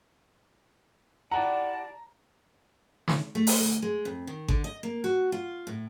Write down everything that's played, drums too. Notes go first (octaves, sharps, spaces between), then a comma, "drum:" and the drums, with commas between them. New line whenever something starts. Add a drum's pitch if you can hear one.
E4 G4 D5 F#5 A5 A#5
drum: snare
A3
drum: open hi-hat
D2
G#3
F2
D#3
D3, drum: kick G#1
D#5
A#3
F#4
F4
A2